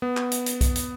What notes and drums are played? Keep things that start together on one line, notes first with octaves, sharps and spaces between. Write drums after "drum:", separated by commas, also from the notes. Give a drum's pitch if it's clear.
B3
drum: clap
drum: hi-hat
drum: hi-hat
drum: kick B1, hi-hat
drum: hi-hat